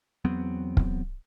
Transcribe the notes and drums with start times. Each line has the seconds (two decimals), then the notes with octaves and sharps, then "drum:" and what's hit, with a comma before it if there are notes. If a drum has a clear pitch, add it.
0.25 E2 F#3 B3 C4
0.77 drum: kick